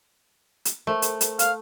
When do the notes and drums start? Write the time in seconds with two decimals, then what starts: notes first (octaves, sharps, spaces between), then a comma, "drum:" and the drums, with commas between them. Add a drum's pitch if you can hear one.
0.65 drum: hi-hat
0.87 A3 A4 A#4 C5
1.02 drum: hi-hat
1.21 drum: hi-hat
1.39 F5, drum: hi-hat